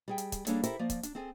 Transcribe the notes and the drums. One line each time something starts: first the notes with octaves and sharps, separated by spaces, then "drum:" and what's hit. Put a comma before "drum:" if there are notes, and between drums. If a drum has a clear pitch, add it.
G3 G#4 G5
drum: hi-hat
drum: kick, hi-hat
G3 A#3 D4 G#4 A4 C#5, drum: hi-hat
E4 G4 A4 A#4 C5 E5, drum: hi-hat
F3 A#3 D5
drum: kick, hi-hat
D4, drum: hi-hat
C4 G#4 A4 G#5